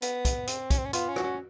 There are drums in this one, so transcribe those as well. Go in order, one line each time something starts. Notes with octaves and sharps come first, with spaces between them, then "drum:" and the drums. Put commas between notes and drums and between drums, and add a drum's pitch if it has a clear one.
B3, drum: hi-hat
drum: kick, hi-hat
C4, drum: hi-hat
C#4, drum: kick, hi-hat
C4
C#4
B3 F4, drum: hi-hat
C#4
F#4, drum: rim click
C#4